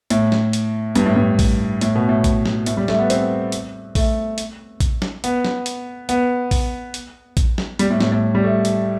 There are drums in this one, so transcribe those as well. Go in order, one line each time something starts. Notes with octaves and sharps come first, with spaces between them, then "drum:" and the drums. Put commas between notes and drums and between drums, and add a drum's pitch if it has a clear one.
A2, drum: hi-hat
drum: snare
drum: hi-hat
G2, drum: hi-hat
A2
G2
drum: kick A#1, open hi-hat
A2, drum: hi-hat
B2
A2
drum: kick A#1, hi-hat
drum: snare
A2, drum: hi-hat
G3
A3, drum: snare
B3
C4, drum: hi-hat
drum: hi-hat
A3, drum: kick A#1, open hi-hat
drum: hi-hat
drum: kick A#1, hi-hat
drum: snare
B3, drum: hi-hat
drum: snare
drum: hi-hat
B3, drum: hi-hat
drum: kick A#1, open hi-hat
drum: hi-hat
drum: kick A#1, hi-hat
drum: snare
G3, drum: hi-hat
A2
A2, drum: snare
A2
G3
A3
drum: hi-hat